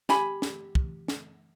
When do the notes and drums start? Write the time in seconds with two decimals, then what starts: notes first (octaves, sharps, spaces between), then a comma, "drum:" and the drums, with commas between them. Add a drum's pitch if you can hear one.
0.09 G4 G#5 B5, drum: snare
0.42 drum: snare
0.75 drum: kick
1.08 drum: snare